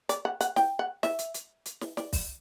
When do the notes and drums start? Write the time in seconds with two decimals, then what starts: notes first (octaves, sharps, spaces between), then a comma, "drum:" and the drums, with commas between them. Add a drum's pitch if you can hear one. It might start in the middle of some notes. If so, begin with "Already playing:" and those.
0.09 D5, drum: hi-hat
0.25 F#5
0.41 F#5, drum: hi-hat
0.56 G5, drum: snare
0.79 F#5
1.03 E5, drum: snare
1.19 drum: hi-hat
1.34 drum: hi-hat
1.66 drum: hi-hat
1.81 drum: snare
1.97 D5, drum: snare
2.13 drum: kick, open hi-hat